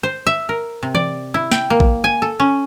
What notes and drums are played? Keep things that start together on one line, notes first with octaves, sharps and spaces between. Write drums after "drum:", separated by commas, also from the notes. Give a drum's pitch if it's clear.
C5
E5
A#4
C3
D5, drum: tom E3
E4
G5, drum: snare
A#3
drum: kick A#1
G#5
A4
C#4